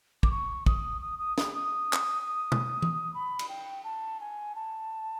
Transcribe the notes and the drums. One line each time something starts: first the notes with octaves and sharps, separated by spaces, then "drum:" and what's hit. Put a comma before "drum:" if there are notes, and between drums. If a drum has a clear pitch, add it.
D6, drum: kick
C#6
D#6, drum: kick
D#6
D#6
D#6, drum: snare
D#6
drum: clap
drum: tom B2
drum: tom
B5
drum: cymbal
G5
A5
G#5
A5